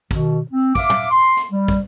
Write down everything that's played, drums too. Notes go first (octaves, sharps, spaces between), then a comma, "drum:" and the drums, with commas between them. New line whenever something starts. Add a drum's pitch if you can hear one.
B2 D#3, drum: kick, hi-hat
C4
E5 F5 D6, drum: kick, open hi-hat
drum: tom
C6
drum: hi-hat
G3
drum: kick, hi-hat